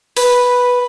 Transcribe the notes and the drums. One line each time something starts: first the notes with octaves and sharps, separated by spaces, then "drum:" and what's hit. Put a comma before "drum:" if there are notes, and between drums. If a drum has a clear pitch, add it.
B4, drum: open hi-hat